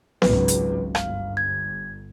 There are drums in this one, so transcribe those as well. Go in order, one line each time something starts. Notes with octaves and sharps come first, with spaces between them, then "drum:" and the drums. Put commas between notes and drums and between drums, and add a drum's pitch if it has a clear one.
G#1 C#2 F#3 B4, drum: snare B3
drum: hi-hat
G1 F5, drum: rim click
G#6